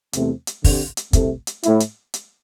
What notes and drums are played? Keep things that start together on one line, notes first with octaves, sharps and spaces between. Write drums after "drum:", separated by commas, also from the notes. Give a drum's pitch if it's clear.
E2 C3 A3 C4, drum: hi-hat
drum: hi-hat
D3 C4 G4, drum: kick, open hi-hat
drum: hi-hat
C2 C3 A3, drum: kick, hi-hat
drum: hi-hat
A2 A3 E4, drum: hi-hat
drum: hi-hat
drum: hi-hat